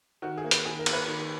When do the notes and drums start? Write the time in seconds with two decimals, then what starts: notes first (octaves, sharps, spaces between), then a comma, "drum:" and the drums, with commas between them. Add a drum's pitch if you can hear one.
0.22 D#3 F#4
0.38 G#4
0.44 A#3
0.51 B4, drum: hi-hat
0.65 D#3 G#4
0.79 A#4
0.86 A#3, drum: cymbal
0.93 B4
1.08 D#3